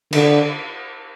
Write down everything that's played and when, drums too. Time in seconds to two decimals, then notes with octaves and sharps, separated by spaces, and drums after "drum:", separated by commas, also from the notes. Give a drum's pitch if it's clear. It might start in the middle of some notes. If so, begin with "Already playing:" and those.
0.13 D3, drum: cymbal